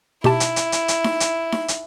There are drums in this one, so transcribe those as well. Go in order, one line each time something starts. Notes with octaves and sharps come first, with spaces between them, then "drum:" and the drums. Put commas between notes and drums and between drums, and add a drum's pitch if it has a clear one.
B2 E4 G4 A5, drum: snare D#4
drum: hi-hat
drum: hi-hat
drum: hi-hat
drum: hi-hat
drum: snare D#4
drum: hi-hat
drum: snare D#4
drum: hi-hat